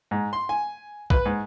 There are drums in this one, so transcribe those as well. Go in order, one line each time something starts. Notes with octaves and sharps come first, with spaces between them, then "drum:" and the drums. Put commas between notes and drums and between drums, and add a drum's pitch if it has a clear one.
G#2
C6
G#5
B4, drum: kick
G#2